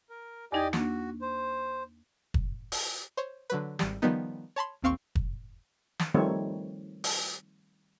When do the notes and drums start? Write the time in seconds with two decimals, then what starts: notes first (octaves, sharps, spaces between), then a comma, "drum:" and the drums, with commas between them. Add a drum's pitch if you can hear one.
0.10 A#4
0.52 E2 D#4 G4 D5 D#5 G#6
0.73 A#3 D4 F#4, drum: snare
1.21 C5
2.34 drum: kick
2.72 drum: open hi-hat
3.17 C5 C#5
3.50 D3 F#3 B4
3.79 G#1 G3, drum: snare
4.02 D#3 F3 G3 B3 D#4
4.56 C#5 A5 B5 C6
4.82 A1 D#2 C4 F5 C6 C#6
5.15 drum: kick
5.99 drum: snare
6.14 D#3 F3 G3 A3 C4 C#5
7.04 drum: open hi-hat